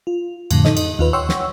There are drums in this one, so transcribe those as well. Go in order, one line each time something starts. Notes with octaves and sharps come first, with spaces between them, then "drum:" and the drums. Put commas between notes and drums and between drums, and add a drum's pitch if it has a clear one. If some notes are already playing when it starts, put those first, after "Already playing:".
F4
F2 A2 D3, drum: cymbal
D#4 A4 D#5, drum: snare
drum: cymbal
D#2 F4 B4
C#5 F#5 G5 C6 C#6 E6
drum: snare